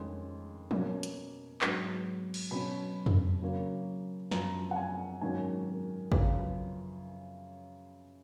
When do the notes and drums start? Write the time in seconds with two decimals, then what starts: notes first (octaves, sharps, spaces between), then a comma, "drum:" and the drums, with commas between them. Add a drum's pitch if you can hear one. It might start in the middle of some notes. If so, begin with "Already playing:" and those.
Already playing: F2 D#3 G#3 C#4
0.71 B2 A#3 C#4, drum: tom F3
1.03 drum: hi-hat
1.61 G#2 F#3 B3, drum: clap
2.34 drum: cymbal
2.51 B2 F#3 C#4 B5
3.06 drum: tom F2
3.42 C#3 F#3 A#3 C#4
4.31 F#2 F3 B3 A#5, drum: snare
4.71 F#5
4.76 G#5
5.21 G#2 D#3 F#3 A#3 C#4 G#5
5.67 A#4
6.12 F#2 C#3 F3 B4, drum: kick